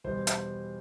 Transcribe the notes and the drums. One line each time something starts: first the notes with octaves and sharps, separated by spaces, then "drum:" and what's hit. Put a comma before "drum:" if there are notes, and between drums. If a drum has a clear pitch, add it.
E2 B2 G3 C5
drum: hi-hat